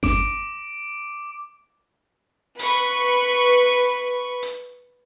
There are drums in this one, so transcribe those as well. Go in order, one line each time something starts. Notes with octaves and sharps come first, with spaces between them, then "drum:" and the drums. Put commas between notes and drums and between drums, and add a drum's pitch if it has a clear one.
D6 D7, drum: snare G1
B4 C#6, drum: open hi-hat
drum: hi-hat